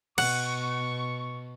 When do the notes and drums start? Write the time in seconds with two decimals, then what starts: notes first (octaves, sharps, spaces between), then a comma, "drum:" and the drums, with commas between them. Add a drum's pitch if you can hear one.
0.18 B2 F#5 C#6, drum: cymbal